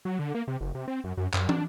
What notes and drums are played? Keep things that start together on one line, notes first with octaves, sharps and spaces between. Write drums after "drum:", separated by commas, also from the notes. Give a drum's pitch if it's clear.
F#3
D3
A#3
C3
F#1
C3
C4
F#2
F#2
F#2, drum: clap
D4, drum: tom